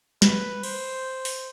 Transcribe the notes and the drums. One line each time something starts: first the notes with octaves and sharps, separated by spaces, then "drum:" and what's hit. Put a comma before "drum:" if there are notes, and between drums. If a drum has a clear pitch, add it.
B4, drum: snare
C5, drum: cymbal
drum: open hi-hat